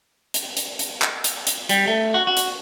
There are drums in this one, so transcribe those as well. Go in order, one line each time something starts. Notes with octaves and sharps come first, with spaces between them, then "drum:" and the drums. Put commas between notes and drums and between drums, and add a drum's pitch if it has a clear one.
drum: hi-hat
drum: hi-hat
drum: hi-hat
drum: clap
drum: hi-hat
drum: hi-hat
G3, drum: hi-hat
A3
F#4
F#4
drum: hi-hat